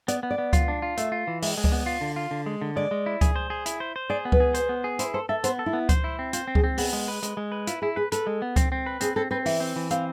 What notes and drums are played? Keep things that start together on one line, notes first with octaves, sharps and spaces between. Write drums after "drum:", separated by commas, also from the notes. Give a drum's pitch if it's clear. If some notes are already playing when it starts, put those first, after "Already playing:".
B3 D5, drum: hi-hat
B3
D5
B3
F4, drum: kick C#2, hi-hat
D4
F4
A3 E5, drum: hi-hat
F4
E3
G#3 E5, drum: open hi-hat
G#3
D5, drum: kick C#2
B3
F4
D3
F4
D3
G#3
D3
G#3 D5
G#3
E4
G#4, drum: kick C#2, hi-hat
C5
G#4
E4, drum: hi-hat
C5
C5
G#4 D5
B3
B4, drum: kick C#2
G#4
C5, drum: hi-hat
B3
G#4
E4 C5, drum: hi-hat
A4 C5
A4 E5
B3 C5, drum: hi-hat
A4
E4
B3
C5, drum: kick C#2, hi-hat
E4
C4
F4 C5, drum: hi-hat
C4
G#4, drum: kick C#2
C4
B3 G#4, drum: open hi-hat
G#3
B4
G#3, drum: hi-hat
G#3
B4
E4 F4, drum: hi-hat
E4 G#4
G#4 B4
A4 B4, drum: hi-hat
G#3
B3
C4, drum: kick C#2, hi-hat
C4
B4
C4 G#4, drum: hi-hat
C4 A4
C4 B4
E3 E5, drum: open hi-hat
C4
E3
C4 F5, drum: hi-hat